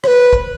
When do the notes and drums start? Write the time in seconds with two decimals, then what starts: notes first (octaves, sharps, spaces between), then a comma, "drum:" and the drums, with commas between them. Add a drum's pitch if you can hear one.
0.04 C#5, drum: rim click
0.07 B4
0.33 drum: kick